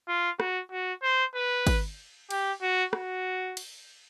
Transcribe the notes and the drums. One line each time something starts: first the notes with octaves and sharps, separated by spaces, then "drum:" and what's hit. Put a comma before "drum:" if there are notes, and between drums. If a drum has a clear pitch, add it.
F4
F#4, drum: rim click
F#4
C5
B4
drum: kick, cymbal
G4, drum: cymbal
F#4
F#4, drum: rim click
drum: cymbal